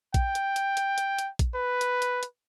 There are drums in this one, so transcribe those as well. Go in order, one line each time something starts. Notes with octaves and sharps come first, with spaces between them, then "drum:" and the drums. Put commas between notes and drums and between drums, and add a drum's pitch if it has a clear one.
G5, drum: kick A#1, hi-hat
drum: hi-hat
drum: hi-hat
drum: hi-hat
drum: hi-hat
drum: hi-hat
drum: kick A#1, hi-hat
B4
drum: hi-hat
drum: hi-hat
drum: hi-hat